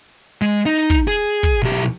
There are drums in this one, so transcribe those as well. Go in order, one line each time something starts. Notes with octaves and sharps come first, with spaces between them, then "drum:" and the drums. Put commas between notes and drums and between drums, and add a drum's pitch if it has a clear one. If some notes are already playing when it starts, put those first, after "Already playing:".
G#3
D#4
drum: kick
G#4
drum: kick
B1 G4